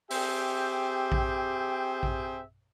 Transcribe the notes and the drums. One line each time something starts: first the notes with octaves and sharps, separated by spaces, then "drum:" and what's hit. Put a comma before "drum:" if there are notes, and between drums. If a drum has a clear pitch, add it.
C4 G4 G#4 E5 G5, drum: open hi-hat
drum: kick A#1
drum: kick A#1